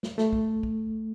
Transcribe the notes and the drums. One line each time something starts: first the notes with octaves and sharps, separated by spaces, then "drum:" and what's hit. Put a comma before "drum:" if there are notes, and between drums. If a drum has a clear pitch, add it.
drum: snare
A3, drum: snare
drum: kick
drum: kick